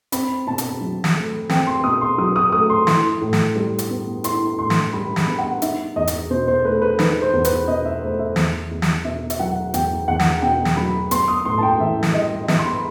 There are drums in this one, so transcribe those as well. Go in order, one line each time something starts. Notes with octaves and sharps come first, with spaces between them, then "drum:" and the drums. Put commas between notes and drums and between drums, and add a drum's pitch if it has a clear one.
C4 B5, drum: hi-hat
B2 A5
drum: hi-hat
F#3
drum: snare
A3
C4 G5, drum: snare
C6
B2 D#6
C6
F#3 D#6
D#6
A3 D#6
C6
E4 C6, drum: snare
A2
drum: snare
G3
drum: hi-hat
B3
E4 C6, drum: hi-hat
A2 C6
drum: snare
G3 B5
B5, drum: snare
B3
F#5
D#4 E5, drum: hi-hat
E2 D#5
drum: hi-hat
B2 C5
C5
A3 B4
B4
D#4 B4, drum: snare
C5
E2
B4, drum: hi-hat
B2 D#5
E5
A3 C5
E5
E2, drum: snare
E2
drum: snare
B2 E5
E5, drum: hi-hat
F#3 F#5
E2 G5, drum: hi-hat
E2 F#5
drum: snare
B2 G5
drum: snare
F#3 B5
B3 C6, drum: hi-hat
D#6
A2 C6
A5
G5
E3 E5
drum: snare
G3 D#5
D#5
B3 E5, drum: snare
C6
B5